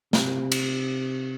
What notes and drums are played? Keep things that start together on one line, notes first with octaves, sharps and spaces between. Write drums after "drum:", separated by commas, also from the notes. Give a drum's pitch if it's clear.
C3, drum: snare
drum: cymbal